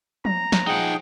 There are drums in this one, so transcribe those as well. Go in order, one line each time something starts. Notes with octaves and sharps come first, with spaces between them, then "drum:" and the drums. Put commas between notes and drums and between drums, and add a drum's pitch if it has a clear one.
A#5, drum: tom F3
drum: snare
F3 D#4 G#4 F#5 G5